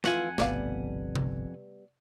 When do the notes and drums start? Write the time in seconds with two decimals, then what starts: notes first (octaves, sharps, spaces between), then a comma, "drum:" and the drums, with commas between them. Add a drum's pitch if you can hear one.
0.04 F2 E3 A3 F4 F#5 G#5, drum: snare
0.38 G1 C2 B2 G3 A3 B3 D5 F5, drum: snare
1.15 drum: tom C3